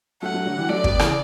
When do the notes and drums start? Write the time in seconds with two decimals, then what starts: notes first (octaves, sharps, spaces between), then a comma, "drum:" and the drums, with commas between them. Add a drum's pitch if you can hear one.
0.22 F#3 A3 F#5
0.34 F#3 A3
0.46 D3 F#3
0.57 E3 G3
0.69 F#3 A3 D5
0.84 G3 B3, drum: kick
0.99 C#3 E3, drum: rim click